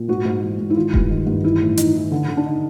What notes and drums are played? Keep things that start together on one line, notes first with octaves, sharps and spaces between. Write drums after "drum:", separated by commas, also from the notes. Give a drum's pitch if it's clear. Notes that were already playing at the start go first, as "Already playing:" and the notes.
Already playing: A#2
G#2 F#4
G#2
E3
G#2
E4
D#3 F4
G2, drum: kick E1
D#3
G2
E3 E4
A2
E3 D#4, drum: hi-hat
E3
D3
D3
D4
D#4